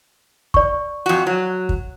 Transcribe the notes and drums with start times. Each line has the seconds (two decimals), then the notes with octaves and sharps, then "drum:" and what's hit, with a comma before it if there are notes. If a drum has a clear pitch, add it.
0.54 D5 C#6, drum: kick
1.06 F2 F#4
1.27 F#3
1.69 drum: kick